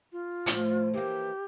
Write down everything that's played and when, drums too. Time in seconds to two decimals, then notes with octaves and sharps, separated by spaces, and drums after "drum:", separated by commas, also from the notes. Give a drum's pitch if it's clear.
0.12 F4
0.46 A2 F3 A3, drum: hi-hat
0.94 E3 A#3 G4